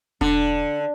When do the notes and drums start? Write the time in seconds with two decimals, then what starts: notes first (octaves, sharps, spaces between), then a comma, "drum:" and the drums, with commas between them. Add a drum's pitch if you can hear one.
0.21 D3 D4, drum: kick E1